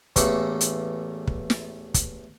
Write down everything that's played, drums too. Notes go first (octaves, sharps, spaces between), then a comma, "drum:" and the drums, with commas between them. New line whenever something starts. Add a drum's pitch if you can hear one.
A1 E2 A3 A#3 E5 C#6, drum: kick, hi-hat
drum: hi-hat
drum: kick
drum: snare
drum: kick, hi-hat